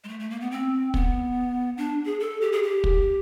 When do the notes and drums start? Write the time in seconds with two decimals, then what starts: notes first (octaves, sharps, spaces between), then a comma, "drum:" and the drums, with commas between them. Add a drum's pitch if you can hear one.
0.04 G#3
0.08 A3
0.20 A3
0.30 A#3
0.41 B3
0.51 C4
0.94 B3, drum: kick
1.78 D4
2.06 G#4
2.20 A4
2.41 G4
2.52 G#4
2.63 G4
2.84 drum: kick